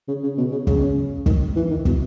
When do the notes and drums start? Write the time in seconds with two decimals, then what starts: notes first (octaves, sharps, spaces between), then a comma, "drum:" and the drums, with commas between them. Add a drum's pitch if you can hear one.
0.08 C#3
0.23 C#3
0.38 B2
0.52 C#3
0.67 C#3, drum: kick
1.26 D#3, drum: kick
1.56 E3
1.70 D#3
1.85 B2, drum: kick